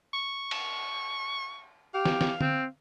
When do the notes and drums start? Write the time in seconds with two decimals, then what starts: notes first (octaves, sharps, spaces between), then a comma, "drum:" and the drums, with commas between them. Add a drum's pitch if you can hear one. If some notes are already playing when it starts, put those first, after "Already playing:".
0.14 C#6
0.51 drum: cymbal
1.94 G4 F5
2.05 drum: snare
2.21 drum: snare
2.41 C4, drum: tom D3